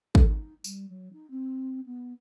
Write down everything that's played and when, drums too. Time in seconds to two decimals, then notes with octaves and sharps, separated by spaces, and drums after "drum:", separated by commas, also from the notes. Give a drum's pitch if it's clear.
0.15 A4, drum: kick
0.28 D#4
0.64 G3, drum: tambourine
0.89 F#3
1.13 D#4
1.30 C4
1.86 B3